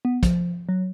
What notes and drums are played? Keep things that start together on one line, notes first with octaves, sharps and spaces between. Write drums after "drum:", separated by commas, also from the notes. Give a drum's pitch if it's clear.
B3
F3, drum: kick, hi-hat
F#3